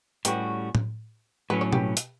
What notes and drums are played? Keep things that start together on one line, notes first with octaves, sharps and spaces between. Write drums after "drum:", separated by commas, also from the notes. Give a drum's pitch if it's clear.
A2 G3 C#4 F#4 G4 B4, drum: hi-hat
drum: tom A2
A2 F#3 C#4 B4
C#5
G4 B4, drum: tom B2
drum: hi-hat